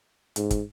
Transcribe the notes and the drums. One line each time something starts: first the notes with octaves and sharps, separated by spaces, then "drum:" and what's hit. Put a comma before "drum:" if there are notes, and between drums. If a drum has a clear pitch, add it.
G#2, drum: hi-hat
drum: kick, hi-hat